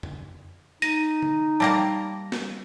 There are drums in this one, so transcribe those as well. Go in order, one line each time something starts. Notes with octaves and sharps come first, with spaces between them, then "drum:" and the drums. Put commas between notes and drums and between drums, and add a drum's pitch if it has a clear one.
drum: tom
D#4 A#6 D#7, drum: hi-hat
drum: tom D3
G3 A#3 A5 A#5 A#6
drum: snare